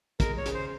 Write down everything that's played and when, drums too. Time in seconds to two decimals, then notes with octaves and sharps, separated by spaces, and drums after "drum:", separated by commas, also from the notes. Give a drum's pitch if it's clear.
0.20 G#3 A#4, drum: kick, hi-hat
0.38 C#5
0.46 C#3, drum: hi-hat
0.54 C5